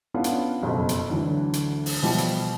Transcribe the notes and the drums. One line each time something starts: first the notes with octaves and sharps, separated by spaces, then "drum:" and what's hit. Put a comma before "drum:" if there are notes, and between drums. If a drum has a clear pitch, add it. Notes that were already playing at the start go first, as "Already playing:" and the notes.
B3 C#4 D4 E4 F4 F#5
drum: hi-hat
F#1 F2 B2
drum: hi-hat
D2 D3 E3 F#3
drum: hi-hat
drum: open hi-hat
B2 E3 F3 G3 E4 G4
drum: hi-hat